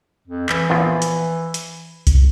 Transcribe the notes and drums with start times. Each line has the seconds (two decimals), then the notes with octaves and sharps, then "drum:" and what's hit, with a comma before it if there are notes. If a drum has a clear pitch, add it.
0.27 F2
0.49 E3, drum: clap
0.70 A#1 E2 F4
1.02 drum: hi-hat
1.54 drum: hi-hat
2.07 drum: kick C2, hi-hat